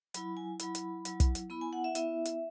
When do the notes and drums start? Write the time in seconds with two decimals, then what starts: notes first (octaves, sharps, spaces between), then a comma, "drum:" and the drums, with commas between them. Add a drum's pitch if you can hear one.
0.14 F#3 E4 B5, drum: hi-hat
0.37 G#5
0.59 F#3 E4 B5, drum: hi-hat
0.75 drum: hi-hat
1.05 F#3 E4, drum: hi-hat
1.20 drum: kick, hi-hat
1.35 drum: hi-hat
1.50 B3 E4 B5
1.61 G#5
1.73 F#5
1.84 E5
1.95 B3 E4 E5, drum: hi-hat
2.25 drum: hi-hat